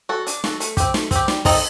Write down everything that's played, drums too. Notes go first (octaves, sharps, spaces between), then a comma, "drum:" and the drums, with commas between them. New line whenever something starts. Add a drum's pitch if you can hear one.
F#4 A4
D4, drum: hi-hat
F#4 A4, drum: snare
A3, drum: hi-hat
C4 G4, drum: kick, hi-hat
A3, drum: snare
C4 G4, drum: kick, hi-hat
G3, drum: snare
C4 D#4 A4 D#5, drum: kick, open hi-hat